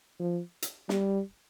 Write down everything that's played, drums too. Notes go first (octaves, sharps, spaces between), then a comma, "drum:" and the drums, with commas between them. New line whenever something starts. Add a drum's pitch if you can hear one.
F3
drum: hi-hat
G3, drum: snare